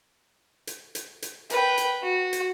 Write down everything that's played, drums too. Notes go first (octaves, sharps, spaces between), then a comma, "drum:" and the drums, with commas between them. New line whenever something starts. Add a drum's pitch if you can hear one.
drum: hi-hat
drum: hi-hat
drum: hi-hat
B4 G5, drum: hi-hat
drum: hi-hat
F#4
drum: hi-hat